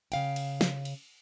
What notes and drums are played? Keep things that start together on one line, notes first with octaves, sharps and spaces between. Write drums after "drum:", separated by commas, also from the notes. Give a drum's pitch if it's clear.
C#3 F5 G5, drum: cymbal
drum: cymbal
drum: snare
drum: cymbal